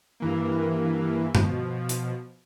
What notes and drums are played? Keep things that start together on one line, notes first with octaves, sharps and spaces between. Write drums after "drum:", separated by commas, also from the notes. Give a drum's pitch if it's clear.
G2 E3 A#3
B2 F3, drum: tom G2
drum: hi-hat